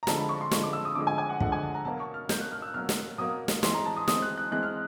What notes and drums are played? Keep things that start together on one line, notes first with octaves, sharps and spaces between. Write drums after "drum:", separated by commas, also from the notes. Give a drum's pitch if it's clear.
A#5
D3 F3 G#3 A5, drum: snare
B5
C#6
C6
D3 F3 G#3 C#6, drum: snare
D6
E6
D#6
D3 F3 G#3 D6
G#5
G#5
F#5
D3 F3 G#3 F#5, drum: kick
G#5
A5
A#5
B2 F#3 A#3 A5
C#6
F6
B2 F#3 A#3 G6, drum: snare
F#6
F6
E6
B2 F#3 A#3 F6
drum: snare
B2 F#3 A#3 D#6
drum: snare
E3 G#3 C4 C6, drum: snare
A#5
A5
D#6
E3 G#3 C4 D#6, drum: snare
F#6
F#6
E3 G#3 C4 F#6
F6